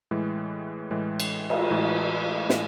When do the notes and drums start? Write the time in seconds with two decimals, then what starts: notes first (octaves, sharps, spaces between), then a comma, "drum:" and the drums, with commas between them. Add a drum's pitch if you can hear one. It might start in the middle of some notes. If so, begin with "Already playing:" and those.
0.11 A2 E3 G#3
0.91 A2 E3 G#3
1.20 drum: cymbal
1.50 drum: cymbal
1.70 A2 E3 G#3
2.49 A2 E3, drum: snare